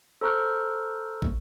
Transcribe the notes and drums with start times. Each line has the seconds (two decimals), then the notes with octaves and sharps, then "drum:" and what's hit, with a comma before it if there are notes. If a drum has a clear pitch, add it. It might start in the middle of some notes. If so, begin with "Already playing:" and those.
0.21 A4 C5 A#5 C#6 F6 F#6
1.22 drum: kick